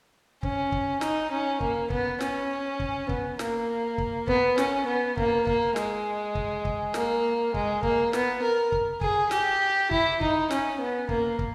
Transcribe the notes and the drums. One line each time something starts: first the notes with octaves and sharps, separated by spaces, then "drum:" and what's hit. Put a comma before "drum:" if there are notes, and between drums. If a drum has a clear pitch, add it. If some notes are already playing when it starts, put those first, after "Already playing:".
C#4, drum: kick
drum: kick
D#4, drum: snare
C#4
A#3, drum: kick
B3, drum: kick
C#4, drum: snare
drum: kick
B3, drum: kick
A#3, drum: snare
drum: kick
B3, drum: kick
C#4, drum: snare
B3
A#3, drum: kick
A#3, drum: kick
G#3, drum: snare
drum: kick
drum: kick
A#3, drum: snare
G#3, drum: kick
A#3, drum: kick
B3, drum: snare
A#4
drum: kick
G#4, drum: kick
G4, drum: snare
E4, drum: kick
D#4, drum: kick
C#4, drum: snare
B3
A#3, drum: kick
drum: kick